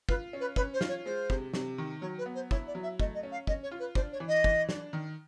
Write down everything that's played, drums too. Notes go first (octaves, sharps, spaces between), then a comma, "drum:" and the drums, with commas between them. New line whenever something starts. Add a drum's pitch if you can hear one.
F4 B4, drum: kick
C#4
B4
C#4 B4, drum: kick
C5
F4, drum: snare
C#5
G#3 C5
C3, drum: kick
C3, drum: snare
D#3
F#3 C#5
B4
B3
C5
E4 C#5, drum: kick
D5
F#3
E5
A3 D#5, drum: kick
D#5
C#4
F5
C#4 D#5, drum: kick
C#5
F4
B4
D4 C5, drum: kick
C#5
E3
D#5
E3, drum: kick
D4, drum: snare
D#3